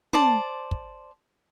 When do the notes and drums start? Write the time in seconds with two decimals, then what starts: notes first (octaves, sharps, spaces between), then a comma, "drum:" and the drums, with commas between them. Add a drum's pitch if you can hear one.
0.13 C5 D5 A5, drum: tom
0.71 drum: kick